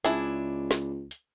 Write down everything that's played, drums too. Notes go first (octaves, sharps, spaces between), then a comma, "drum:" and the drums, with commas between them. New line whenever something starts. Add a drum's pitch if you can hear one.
C#2 D4 E4 G#4, drum: snare
drum: snare
drum: hi-hat